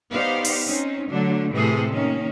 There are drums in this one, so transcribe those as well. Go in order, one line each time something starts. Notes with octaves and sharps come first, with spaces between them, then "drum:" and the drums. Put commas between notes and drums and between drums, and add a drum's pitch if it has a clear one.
B3 D#4 G4 C5 D5 F5
drum: open hi-hat
C4 C#4 D#4
D3 F#3 A3 D4
A2 C3 E3 A3 G#4 A4
D#3 A#3 C#4